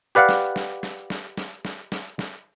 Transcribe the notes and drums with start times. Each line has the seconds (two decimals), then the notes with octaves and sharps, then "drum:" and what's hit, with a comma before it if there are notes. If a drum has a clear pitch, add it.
0.15 G4 B4 D5 F5 F#5
0.29 drum: snare
0.56 drum: snare
0.83 drum: snare
1.10 drum: snare
1.37 drum: snare
1.65 drum: snare
1.92 drum: snare
2.19 drum: snare